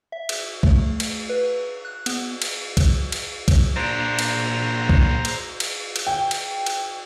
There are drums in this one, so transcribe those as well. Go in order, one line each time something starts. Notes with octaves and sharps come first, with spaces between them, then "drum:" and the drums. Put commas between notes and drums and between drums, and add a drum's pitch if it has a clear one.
E5
drum: cymbal
A3, drum: kick B1
drum: cymbal
B4
F#6
B3, drum: cymbal
drum: cymbal
drum: kick B1, cymbal
drum: cymbal
drum: kick B1, cymbal
A#2 D4 C5 A#5
drum: cymbal
drum: kick B1
drum: cymbal
drum: cymbal
drum: cymbal
G5
drum: cymbal
drum: cymbal